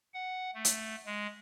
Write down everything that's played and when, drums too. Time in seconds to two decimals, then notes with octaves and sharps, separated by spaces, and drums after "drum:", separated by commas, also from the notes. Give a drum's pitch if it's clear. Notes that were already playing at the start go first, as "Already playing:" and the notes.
0.14 F#5
0.55 A3
0.65 drum: hi-hat
1.06 G#3